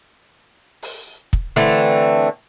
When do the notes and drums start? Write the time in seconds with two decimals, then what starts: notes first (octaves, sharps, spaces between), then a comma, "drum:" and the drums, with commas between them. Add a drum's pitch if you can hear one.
0.82 drum: open hi-hat
1.33 drum: kick
1.56 D3 E3 A3 C4